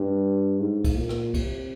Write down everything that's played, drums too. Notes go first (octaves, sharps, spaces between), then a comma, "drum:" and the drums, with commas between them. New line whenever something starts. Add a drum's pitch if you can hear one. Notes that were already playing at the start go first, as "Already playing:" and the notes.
Already playing: G2
G#2
drum: kick, cymbal
A#2
drum: rim click
C3, drum: kick, cymbal